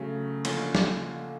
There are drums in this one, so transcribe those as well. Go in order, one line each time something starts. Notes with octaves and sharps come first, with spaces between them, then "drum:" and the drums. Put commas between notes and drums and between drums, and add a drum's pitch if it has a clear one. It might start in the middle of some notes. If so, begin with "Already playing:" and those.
Already playing: C#3 F#3 A3
D3 F3 A#3 C#4, drum: cymbal
drum: snare